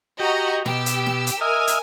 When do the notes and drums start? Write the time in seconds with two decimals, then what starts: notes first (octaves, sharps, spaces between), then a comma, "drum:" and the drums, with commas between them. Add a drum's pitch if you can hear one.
0.20 F#4 G4 D#5 A#5
0.66 B2 G4 E6, drum: snare
0.86 drum: hi-hat
1.06 drum: snare
1.27 drum: hi-hat
1.41 A#4 D#5 E5 G#5 F6
1.67 drum: hi-hat